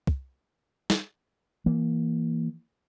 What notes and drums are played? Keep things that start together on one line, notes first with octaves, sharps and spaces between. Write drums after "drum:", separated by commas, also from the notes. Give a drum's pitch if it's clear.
drum: kick
drum: snare
E3 A#3